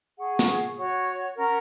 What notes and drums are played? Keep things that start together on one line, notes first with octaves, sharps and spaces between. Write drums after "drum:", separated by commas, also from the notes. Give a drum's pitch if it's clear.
G#4 F#5 C#6
drum: snare
F#4 C#5 F#5 C#6
C#4 A#4 F#5 A#5